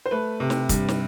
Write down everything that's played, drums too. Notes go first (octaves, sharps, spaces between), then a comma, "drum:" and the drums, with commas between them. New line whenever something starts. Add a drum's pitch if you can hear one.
C5
A3 B4
C3
drum: snare
G2, drum: kick, hi-hat
drum: snare